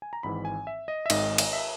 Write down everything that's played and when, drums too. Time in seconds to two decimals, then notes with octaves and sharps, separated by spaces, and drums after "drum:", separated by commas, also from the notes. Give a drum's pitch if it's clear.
0.02 G#5
0.13 A#5
0.23 G#1 G#2 E3 B5
0.45 G#5
0.67 E5
0.88 D#5
1.06 E5
1.10 G#1 G#2 D#3 D#5, drum: cymbal
1.38 drum: cymbal
1.53 E5